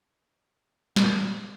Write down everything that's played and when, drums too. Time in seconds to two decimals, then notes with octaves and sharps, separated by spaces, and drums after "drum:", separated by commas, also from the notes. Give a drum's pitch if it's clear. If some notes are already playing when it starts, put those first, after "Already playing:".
0.96 A#2, drum: snare